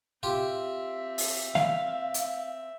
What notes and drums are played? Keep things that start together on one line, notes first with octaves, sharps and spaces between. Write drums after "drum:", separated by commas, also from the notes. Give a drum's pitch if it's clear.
C4 F4 G4 E5
drum: open hi-hat
F5, drum: snare
drum: hi-hat